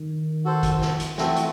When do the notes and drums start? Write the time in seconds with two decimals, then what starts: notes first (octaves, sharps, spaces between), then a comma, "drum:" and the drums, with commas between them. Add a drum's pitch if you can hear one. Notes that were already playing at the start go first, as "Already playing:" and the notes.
Already playing: D#3
0.45 F#4 A4 C5
0.63 drum: kick, hi-hat
0.81 drum: snare
1.00 drum: hi-hat
1.18 E3 A3 C4 F#4 A4, drum: snare
1.36 drum: hi-hat